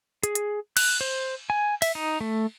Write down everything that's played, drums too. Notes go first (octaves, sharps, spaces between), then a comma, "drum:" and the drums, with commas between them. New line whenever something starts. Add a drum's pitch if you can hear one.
G#4, drum: hi-hat
drum: hi-hat
F#6, drum: cymbal
C5
G#5
E5, drum: cymbal
D#4
A3